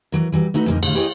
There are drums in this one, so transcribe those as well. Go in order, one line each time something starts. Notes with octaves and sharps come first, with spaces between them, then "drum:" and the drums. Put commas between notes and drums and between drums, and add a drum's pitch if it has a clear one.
E3 F#3 A#4
E3 F#3 G3
A3 D#4 F#4 A4 B4
F2 A#2 D3 G#3 A#3 D#4
A2 D3 C5 F5, drum: cymbal
E4 G4 G#4 A#4 C#5 D#5